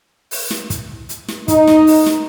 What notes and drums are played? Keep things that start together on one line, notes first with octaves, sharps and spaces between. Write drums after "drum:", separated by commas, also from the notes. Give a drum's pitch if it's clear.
drum: open hi-hat
drum: snare
drum: kick, hi-hat
drum: hi-hat
drum: snare
D#4, drum: kick, hi-hat
drum: snare
drum: open hi-hat
drum: snare